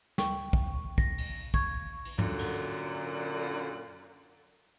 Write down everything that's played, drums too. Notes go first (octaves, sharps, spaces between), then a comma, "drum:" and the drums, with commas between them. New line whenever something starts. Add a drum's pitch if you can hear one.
G5 C#6, drum: snare
drum: kick
A#6, drum: kick
drum: cymbal
C#6 G#6, drum: kick
drum: cymbal
F#2 A#2 D3, drum: tom
drum: cymbal